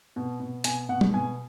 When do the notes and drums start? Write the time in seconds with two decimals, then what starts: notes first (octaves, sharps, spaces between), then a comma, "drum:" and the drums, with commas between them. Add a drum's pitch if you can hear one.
0.16 B2
0.40 B2
0.64 B2 G#5, drum: hi-hat
0.89 B2 F#5
1.01 drum: tom G3
1.14 B2 G#5